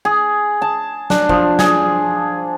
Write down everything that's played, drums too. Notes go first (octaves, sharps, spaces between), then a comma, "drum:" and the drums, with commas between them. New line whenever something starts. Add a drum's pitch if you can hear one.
G#4
A5
D4, drum: snare
F3, drum: kick
G#4, drum: snare